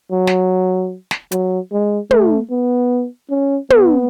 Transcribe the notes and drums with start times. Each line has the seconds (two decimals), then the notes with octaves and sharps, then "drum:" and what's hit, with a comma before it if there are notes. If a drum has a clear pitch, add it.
0.12 F#3
0.27 drum: snare
1.11 drum: snare
1.32 F#3, drum: hi-hat
1.72 G#3
2.11 A3, drum: tom
2.51 B3
3.30 C#4
3.70 B3, drum: tom